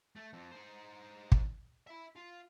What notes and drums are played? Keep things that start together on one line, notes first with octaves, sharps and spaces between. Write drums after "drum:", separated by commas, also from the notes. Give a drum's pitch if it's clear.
A3
F2
D#4 C5
drum: kick
E5 B5
F4